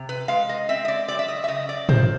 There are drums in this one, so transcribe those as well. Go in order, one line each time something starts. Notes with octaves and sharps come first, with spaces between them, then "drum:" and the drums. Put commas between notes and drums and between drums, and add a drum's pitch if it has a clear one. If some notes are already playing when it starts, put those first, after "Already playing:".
Already playing: C3
B4
G#3 F5
D#5
C4 E5
D#5
D5
F#3 D5
E5
D#5
E5
C#3 D#5
D5
A#3 C5, drum: tom